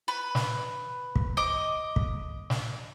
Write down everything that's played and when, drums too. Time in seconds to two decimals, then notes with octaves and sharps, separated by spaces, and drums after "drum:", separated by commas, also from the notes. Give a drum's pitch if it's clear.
0.08 B4
0.35 drum: snare
1.16 drum: kick
1.37 D#5 D6
1.96 drum: kick
2.50 drum: snare